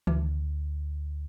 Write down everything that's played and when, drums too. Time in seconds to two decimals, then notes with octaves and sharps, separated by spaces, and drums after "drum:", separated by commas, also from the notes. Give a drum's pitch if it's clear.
0.07 D2, drum: tom D#3